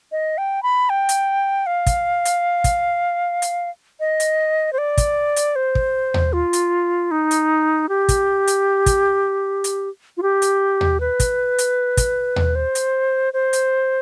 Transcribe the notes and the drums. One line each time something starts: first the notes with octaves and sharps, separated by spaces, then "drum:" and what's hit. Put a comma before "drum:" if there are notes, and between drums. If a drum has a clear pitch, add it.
D#5
G5
B5
G5
drum: hi-hat
F5
drum: kick, hi-hat
drum: hi-hat
drum: kick, hi-hat
drum: hi-hat
D#5
drum: hi-hat
C5
D5
drum: kick, hi-hat
drum: hi-hat
C5
drum: kick
drum: tom D#2
F4
drum: hi-hat
D#4
drum: hi-hat
G4
drum: kick, hi-hat
drum: hi-hat
drum: kick, hi-hat
drum: hi-hat
F4
G4
drum: hi-hat
drum: tom D#2
B4
drum: kick, hi-hat
drum: hi-hat
drum: kick, hi-hat
drum: tom D#2
C5
drum: hi-hat
C5
drum: hi-hat